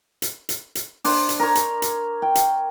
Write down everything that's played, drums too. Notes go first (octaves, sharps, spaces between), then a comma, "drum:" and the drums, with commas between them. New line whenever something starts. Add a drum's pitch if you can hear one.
drum: hi-hat
drum: hi-hat
drum: hi-hat
D4 C5, drum: open hi-hat
drum: hi-hat
A#4 C#5
drum: hi-hat
drum: hi-hat
G5
drum: hi-hat